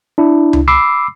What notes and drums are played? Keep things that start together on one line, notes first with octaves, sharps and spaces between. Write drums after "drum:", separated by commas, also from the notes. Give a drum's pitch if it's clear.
D4 E4
drum: tom C#2
B5 D6 E6 C7